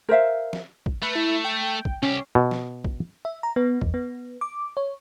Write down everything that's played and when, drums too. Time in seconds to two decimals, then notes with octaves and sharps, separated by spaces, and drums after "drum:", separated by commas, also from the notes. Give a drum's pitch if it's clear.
0.09 A#4 C5 E5 F5
0.53 drum: snare
0.86 drum: kick
1.03 A3 B4
1.15 E4
1.45 G5
1.85 drum: kick
2.03 C2 C#4 G4
2.35 B2
2.51 drum: snare
2.84 drum: kick
3.25 E5
3.43 A#5
3.56 B3
3.81 E2, drum: kick
3.94 B3
4.41 D6
4.77 C#5